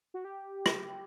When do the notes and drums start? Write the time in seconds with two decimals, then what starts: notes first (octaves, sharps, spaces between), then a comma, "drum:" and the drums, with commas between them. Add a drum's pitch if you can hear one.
0.14 F#4
0.25 G4
0.66 drum: rim click